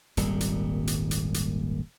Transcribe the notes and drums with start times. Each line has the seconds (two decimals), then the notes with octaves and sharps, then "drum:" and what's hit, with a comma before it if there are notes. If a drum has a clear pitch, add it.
0.17 D#1 G#1 A#2 G3, drum: hi-hat
0.40 drum: hi-hat
0.87 drum: hi-hat
1.11 drum: hi-hat
1.34 drum: hi-hat